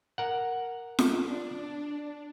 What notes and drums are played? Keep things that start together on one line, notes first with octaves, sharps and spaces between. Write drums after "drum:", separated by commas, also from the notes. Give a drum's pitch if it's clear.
A#4 F#5
drum: snare F4
D4